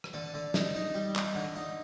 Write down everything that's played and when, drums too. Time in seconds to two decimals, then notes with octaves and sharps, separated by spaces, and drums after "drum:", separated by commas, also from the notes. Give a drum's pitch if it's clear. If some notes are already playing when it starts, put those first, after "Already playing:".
0.04 drum: rim click
0.13 D3 A4
0.34 D3
0.54 D#4, drum: snare
0.75 D#4
0.94 G3
1.16 D#4, drum: clap
1.35 D3
1.56 D#4